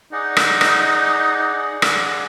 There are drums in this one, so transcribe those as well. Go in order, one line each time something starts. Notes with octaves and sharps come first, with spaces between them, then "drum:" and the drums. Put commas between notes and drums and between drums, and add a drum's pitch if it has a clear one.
D#4 G#4 D5 F#5
drum: rim click
drum: rim click
drum: rim click